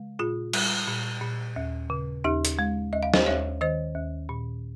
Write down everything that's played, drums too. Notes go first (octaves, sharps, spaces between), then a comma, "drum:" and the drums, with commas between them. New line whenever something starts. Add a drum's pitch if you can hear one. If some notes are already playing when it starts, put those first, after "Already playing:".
Already playing: C#3 G#3
A#2 F4 G#4
G3, drum: cymbal
A#2
A#2
D#2
C#3
D#2 D#4 G4
drum: hi-hat
G#3
D#2 D#5
F5
C5 D#5, drum: snare
D#2 C#5 F5
D#3 C5 D#5
D#2
A#2